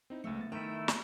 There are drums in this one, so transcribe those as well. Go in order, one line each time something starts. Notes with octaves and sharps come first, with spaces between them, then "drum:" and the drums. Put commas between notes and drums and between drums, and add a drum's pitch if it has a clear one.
C4 D#4 E4
C#2 A3 E6 C#7
B3 A6
D#3 A3 E4 G5
A5, drum: snare